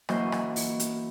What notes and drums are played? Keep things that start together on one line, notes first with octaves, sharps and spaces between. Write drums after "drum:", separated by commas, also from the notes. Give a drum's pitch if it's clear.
E3 F#3 A#3 C#4 C5 D#5, drum: rim click
drum: rim click
drum: open hi-hat
drum: hi-hat